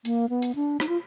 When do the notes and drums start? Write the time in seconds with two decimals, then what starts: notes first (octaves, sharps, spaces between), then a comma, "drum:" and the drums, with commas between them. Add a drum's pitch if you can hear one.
0.05 A#3, drum: hi-hat
0.29 B3
0.42 drum: hi-hat
0.55 D4
0.80 D#4, drum: rim click
0.89 F4